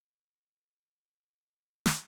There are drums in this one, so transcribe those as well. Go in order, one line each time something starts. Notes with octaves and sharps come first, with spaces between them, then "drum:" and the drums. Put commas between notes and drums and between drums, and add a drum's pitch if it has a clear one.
A#4
C5
drum: snare